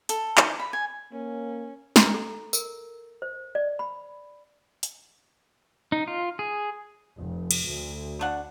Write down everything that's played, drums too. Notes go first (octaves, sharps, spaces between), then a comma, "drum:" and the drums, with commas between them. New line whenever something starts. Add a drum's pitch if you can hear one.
A4, drum: hi-hat
D#4, drum: clap
B5
G#5
A#3 C#4
A#5, drum: snare
A4
A#4, drum: tambourine
C5
D5
B5
drum: hi-hat
D#4
F4
G#4
F1
drum: cymbal
D2
A3 D4 F#5